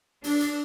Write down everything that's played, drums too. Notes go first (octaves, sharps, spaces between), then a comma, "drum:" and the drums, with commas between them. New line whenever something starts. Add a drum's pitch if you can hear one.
D4, drum: open hi-hat
drum: hi-hat